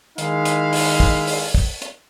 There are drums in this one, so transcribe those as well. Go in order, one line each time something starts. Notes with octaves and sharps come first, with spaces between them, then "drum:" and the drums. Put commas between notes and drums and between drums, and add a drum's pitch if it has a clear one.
D#3 G#3 D#4 E4 F5, drum: hi-hat
drum: hi-hat
drum: open hi-hat
drum: kick
drum: open hi-hat
drum: kick
drum: hi-hat